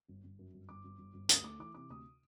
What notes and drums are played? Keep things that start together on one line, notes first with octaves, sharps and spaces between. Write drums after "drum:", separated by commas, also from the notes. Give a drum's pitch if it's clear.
G1
G1
F#2
G1
G1 D6
G1
G1
G1
D2 D#6, drum: hi-hat
A3 D6
E3 D6
C3 D6
D2 D#6